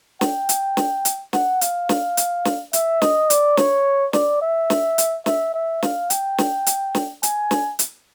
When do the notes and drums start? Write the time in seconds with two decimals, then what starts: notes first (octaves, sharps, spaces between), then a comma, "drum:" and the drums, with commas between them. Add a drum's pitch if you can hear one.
0.21 G5, drum: snare
0.49 drum: hi-hat
0.77 drum: snare
1.05 drum: hi-hat
1.33 F#5, drum: snare
1.61 F5, drum: hi-hat
1.89 drum: snare
2.17 drum: hi-hat
2.45 drum: snare
2.73 E5, drum: hi-hat
3.02 D#5, drum: snare
3.30 D5, drum: hi-hat
3.57 C#5, drum: snare
4.13 D5, drum: snare
4.42 E5
4.70 drum: snare
4.98 drum: hi-hat
5.26 E5, drum: snare
5.54 E5
5.83 F5, drum: snare
6.10 G5, drum: hi-hat
6.38 drum: snare
6.66 drum: hi-hat
6.95 drum: snare
7.23 G#5, drum: hi-hat
7.51 drum: snare
7.79 drum: hi-hat